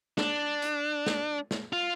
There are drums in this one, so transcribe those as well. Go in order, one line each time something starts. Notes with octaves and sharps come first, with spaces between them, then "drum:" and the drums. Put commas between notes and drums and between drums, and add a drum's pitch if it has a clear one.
D4, drum: snare
drum: hi-hat
drum: snare
drum: snare
F4